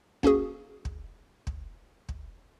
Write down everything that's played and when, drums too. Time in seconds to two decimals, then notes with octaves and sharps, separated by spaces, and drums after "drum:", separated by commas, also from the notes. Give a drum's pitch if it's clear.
0.23 A#3 C#4 F#4 G#4, drum: kick
0.85 drum: kick
1.47 drum: kick
2.09 drum: kick